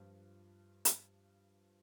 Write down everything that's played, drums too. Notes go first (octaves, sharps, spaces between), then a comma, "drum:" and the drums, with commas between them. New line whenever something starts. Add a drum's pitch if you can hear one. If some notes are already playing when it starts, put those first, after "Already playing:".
Already playing: G2 F3 F4
drum: hi-hat